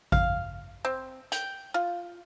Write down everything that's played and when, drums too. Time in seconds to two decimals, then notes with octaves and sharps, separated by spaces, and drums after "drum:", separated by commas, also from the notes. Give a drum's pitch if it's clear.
0.12 F5, drum: kick A1
0.85 C4
1.32 G5, drum: hi-hat
1.74 F4